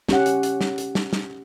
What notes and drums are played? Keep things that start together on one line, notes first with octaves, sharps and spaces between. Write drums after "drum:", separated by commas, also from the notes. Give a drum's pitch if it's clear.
C#4 G4 F#5, drum: snare
drum: hi-hat
drum: hi-hat
drum: snare
drum: hi-hat
drum: snare
drum: snare